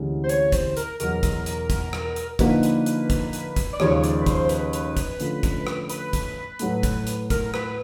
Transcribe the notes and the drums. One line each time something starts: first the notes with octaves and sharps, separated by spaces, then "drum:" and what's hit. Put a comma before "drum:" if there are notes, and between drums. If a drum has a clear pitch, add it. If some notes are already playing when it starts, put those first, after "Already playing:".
Already playing: D2 C3 E3 G#3 C#4
C5
C#5, drum: hi-hat
C5, drum: kick, hi-hat
A#4, drum: hi-hat
E2 B2 F#3 A#4, drum: hi-hat
drum: kick, hi-hat
drum: hi-hat
drum: kick, hi-hat
drum: rim click
drum: hi-hat
D3 F3 A#3 D#4 F#4 B4, drum: kick, hi-hat
drum: hi-hat
drum: hi-hat
drum: kick, hi-hat
drum: hi-hat
drum: kick, hi-hat
D5
D#2 C#3 F3 G#3 C#4 C#5, drum: rim click
D5, drum: hi-hat
B4
C5, drum: kick, hi-hat
B4, drum: hi-hat
drum: hi-hat
drum: kick, hi-hat
D3 F3 A3 C#4 F4, drum: hi-hat
drum: kick, hi-hat
drum: rim click
B4, drum: hi-hat
drum: kick, hi-hat
A2 F#3 A3, drum: hi-hat
drum: kick, hi-hat
drum: hi-hat
A#4, drum: kick, hi-hat
B4, drum: rim click